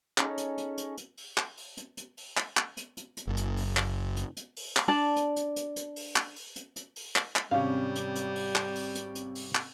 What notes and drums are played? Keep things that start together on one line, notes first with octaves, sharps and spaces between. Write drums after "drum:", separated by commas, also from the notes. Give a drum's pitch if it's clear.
C#4 D#4 G#4 A4, drum: clap
drum: hi-hat
drum: hi-hat
drum: hi-hat
drum: hi-hat
drum: open hi-hat
drum: clap
drum: open hi-hat
drum: hi-hat
drum: hi-hat
drum: open hi-hat
drum: clap
drum: clap
drum: hi-hat
drum: hi-hat
drum: hi-hat
F#1
drum: hi-hat
drum: open hi-hat
drum: clap
drum: hi-hat
drum: hi-hat
drum: open hi-hat
drum: clap
D4 D5 A5
drum: hi-hat
drum: hi-hat
drum: hi-hat
drum: hi-hat
drum: open hi-hat
drum: clap
drum: open hi-hat
drum: hi-hat
drum: hi-hat
drum: open hi-hat
drum: clap
drum: clap
G#1 C3 G3 C#4 F5
drum: hi-hat
drum: hi-hat
drum: open hi-hat
drum: clap
drum: open hi-hat
drum: hi-hat
drum: hi-hat
drum: open hi-hat
drum: clap